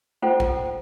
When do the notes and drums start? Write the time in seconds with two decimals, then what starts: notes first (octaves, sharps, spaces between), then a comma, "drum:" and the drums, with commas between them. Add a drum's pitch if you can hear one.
0.22 F4 A4 C5 F#5 G5
0.40 drum: kick